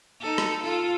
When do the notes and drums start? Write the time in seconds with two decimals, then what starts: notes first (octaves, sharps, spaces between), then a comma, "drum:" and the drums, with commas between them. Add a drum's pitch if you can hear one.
0.21 D#4 A4
0.38 drum: rim click
0.64 F4 A4